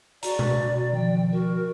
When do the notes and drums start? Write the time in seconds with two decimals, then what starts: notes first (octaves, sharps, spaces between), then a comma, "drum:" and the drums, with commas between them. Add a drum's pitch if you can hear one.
0.23 F#4 D5 A#5, drum: hi-hat
0.39 drum: tom B2
0.93 D#3 F3 G5
1.32 F#4 A#4